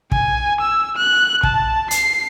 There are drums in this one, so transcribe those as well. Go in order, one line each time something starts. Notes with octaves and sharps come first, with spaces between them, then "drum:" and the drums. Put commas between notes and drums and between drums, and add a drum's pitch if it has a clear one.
G#5, drum: kick
E6
F#6
A5, drum: kick
C7, drum: hi-hat